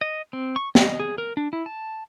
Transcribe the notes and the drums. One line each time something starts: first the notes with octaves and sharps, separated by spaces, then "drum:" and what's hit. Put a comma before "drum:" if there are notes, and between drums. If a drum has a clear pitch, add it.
D#5
C4
C#6
D#5, drum: snare
G#4
A#4
D4
E4
A5